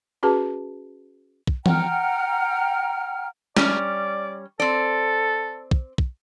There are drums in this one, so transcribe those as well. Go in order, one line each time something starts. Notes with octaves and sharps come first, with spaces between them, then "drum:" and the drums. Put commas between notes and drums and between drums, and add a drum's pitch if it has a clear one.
C#4 F#4 G#4 B4 A5
drum: kick
F#5 G5 A#5 F6, drum: tom
G3 C#4 D5, drum: snare
C4 A4 D5
drum: kick
drum: kick